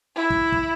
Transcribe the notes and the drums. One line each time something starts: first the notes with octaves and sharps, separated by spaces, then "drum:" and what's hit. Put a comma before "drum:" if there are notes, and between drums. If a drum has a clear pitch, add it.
E4
drum: kick
drum: kick